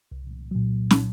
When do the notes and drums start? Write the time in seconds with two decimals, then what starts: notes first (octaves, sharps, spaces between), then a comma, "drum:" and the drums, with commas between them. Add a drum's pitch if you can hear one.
0.12 C2
0.51 A#2 F#3
0.91 drum: snare